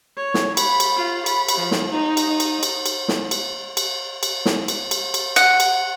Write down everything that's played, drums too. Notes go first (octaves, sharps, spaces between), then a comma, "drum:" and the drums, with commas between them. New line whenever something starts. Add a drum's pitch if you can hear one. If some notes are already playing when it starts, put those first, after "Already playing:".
C#5
drum: snare
B5, drum: cymbal
drum: cymbal
F4
B5, drum: cymbal
drum: cymbal
F3
drum: snare
D#4
drum: cymbal
D#4
drum: cymbal
drum: cymbal
drum: cymbal
drum: snare
drum: cymbal
drum: cymbal
drum: cymbal
drum: snare
drum: cymbal
drum: cymbal
drum: cymbal
F#5, drum: cymbal
drum: cymbal